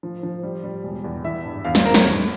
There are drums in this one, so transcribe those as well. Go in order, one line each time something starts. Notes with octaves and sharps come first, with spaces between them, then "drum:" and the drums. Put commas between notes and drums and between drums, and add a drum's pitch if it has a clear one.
F3
F3
G3
G3
E1
E2
E3 E5
G2
E2 F5
C5, drum: snare
E2 A#4
C#5, drum: snare
E2